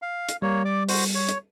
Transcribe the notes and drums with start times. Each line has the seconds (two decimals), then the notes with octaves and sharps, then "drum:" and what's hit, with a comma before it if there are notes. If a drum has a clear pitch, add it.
0.02 F5
0.29 drum: hi-hat
0.42 G3 A#3 C#5
0.65 D5 D6
0.89 F#4 C5, drum: open hi-hat
1.15 C#5
1.29 drum: hi-hat